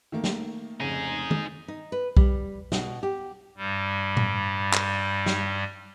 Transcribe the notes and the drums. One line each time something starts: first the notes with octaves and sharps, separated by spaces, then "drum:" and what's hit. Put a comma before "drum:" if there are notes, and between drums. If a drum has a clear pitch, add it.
D#3 A3 A#3
drum: snare
F1 C#3 D#4 G#4
drum: tom D#3
D#4
B4
G3, drum: kick B1
B2, drum: snare
G4
G2 G3
drum: tom A2
drum: clap
drum: snare